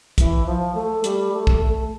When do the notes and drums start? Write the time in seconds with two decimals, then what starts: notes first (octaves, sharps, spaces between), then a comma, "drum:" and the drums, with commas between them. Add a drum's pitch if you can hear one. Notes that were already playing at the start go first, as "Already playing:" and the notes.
0.18 E3, drum: kick, hi-hat
0.46 F3
0.75 A3
1.04 G3, drum: hi-hat
1.33 A3
1.47 drum: kick
1.61 A3